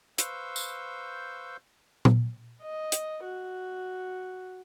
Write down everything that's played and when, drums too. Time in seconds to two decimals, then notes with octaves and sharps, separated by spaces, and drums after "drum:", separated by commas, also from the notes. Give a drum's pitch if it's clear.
0.18 B4 C5 F5 C#6 E6 G6, drum: hi-hat
0.56 drum: tambourine
2.05 drum: tom A#2
2.63 D#5
2.92 drum: hi-hat
3.24 F#4